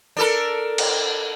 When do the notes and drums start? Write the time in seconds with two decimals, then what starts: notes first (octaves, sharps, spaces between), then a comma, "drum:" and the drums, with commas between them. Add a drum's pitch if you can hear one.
0.17 D4 A4 A#4
0.78 drum: cymbal